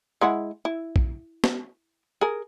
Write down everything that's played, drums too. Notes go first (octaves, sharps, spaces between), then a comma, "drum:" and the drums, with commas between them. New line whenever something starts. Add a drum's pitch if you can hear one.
G#3 E4 F#5
E4
drum: kick
drum: snare
G#4 A#4